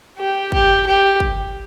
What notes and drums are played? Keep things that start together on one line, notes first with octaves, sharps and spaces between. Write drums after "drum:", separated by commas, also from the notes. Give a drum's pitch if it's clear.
G4
G4, drum: kick
G4
drum: kick